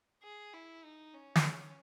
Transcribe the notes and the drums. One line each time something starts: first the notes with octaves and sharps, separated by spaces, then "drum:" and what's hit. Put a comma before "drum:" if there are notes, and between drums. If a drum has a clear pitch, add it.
G#4
E4
D#4
C#4
drum: snare
C#4